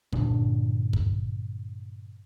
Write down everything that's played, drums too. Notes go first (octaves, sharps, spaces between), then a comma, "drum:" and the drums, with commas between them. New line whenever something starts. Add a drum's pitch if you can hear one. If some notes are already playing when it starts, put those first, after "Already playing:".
G2 A#2 D3 D4, drum: kick
drum: kick